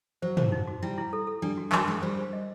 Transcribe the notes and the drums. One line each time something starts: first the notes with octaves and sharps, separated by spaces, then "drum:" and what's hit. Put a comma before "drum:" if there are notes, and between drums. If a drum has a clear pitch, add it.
F#3 C5
C5, drum: tom
D#4
F#4
G3 E4
E4
A4
A4
G3 D4
F#4
F#3 A#4, drum: clap
G#3 C#4
G3 C5
C5
D#5